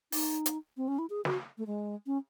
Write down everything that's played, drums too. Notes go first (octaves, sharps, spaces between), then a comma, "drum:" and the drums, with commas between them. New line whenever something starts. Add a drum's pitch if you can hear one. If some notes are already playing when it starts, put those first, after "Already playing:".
D#4, drum: open hi-hat
drum: hi-hat
C4
C#4
E4
G#4
F#4, drum: snare
A3
G#3
C#4